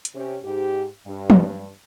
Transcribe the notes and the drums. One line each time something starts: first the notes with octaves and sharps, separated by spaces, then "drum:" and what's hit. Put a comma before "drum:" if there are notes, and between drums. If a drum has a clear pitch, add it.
drum: hi-hat
C3 C#4 G4
G#2 G4
G2
drum: tom